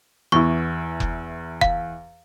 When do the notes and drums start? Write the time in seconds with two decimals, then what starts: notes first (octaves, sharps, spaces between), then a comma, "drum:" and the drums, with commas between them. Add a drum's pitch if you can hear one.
0.32 E2 E4 C#6
1.00 drum: kick F1
1.61 F5, drum: kick F1